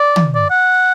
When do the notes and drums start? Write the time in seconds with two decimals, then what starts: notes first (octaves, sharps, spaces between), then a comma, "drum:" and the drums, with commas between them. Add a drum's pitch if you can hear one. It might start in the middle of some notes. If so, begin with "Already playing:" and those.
Already playing: D5
0.16 drum: tom
0.35 D5
0.50 F#5